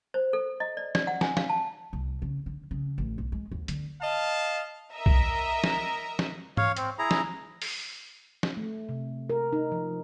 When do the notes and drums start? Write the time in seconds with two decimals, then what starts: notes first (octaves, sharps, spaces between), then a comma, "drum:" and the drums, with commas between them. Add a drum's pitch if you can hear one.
0.14 C5
0.33 A4
0.60 D#5
0.77 D5
0.95 D5, drum: snare
1.07 F#5
1.21 G#5, drum: snare
1.37 F5, drum: snare
1.49 A5
1.93 C2
2.22 C#3
2.46 D3
2.71 C#3
2.98 A1
3.18 B1
3.32 G#3
3.52 D#2
3.68 D3, drum: hi-hat
4.02 D#5 F5 A5
4.94 A#4 D#5 E5 A#5
5.06 drum: kick
5.64 drum: snare
6.19 drum: snare
6.57 C#5 F5, drum: tom G#2
6.77 C4, drum: hi-hat
6.99 E4 G#4 A#5
7.11 drum: snare
7.62 drum: open hi-hat
8.43 drum: snare
8.57 A3
8.89 C3
9.30 A#4
9.53 D#4
9.72 F3